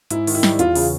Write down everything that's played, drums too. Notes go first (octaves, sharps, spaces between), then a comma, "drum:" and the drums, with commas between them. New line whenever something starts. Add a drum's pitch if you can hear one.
G#2 E4, drum: hi-hat
D#3, drum: open hi-hat
E4
G3, drum: snare
E2 F4, drum: hi-hat
C#3, drum: open hi-hat